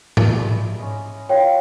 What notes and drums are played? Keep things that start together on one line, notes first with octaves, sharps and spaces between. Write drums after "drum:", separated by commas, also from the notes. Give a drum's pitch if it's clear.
E4, drum: tom G#2
G#3 D5 B5
C#4 D#5
G3 F4 C#5 F5 G5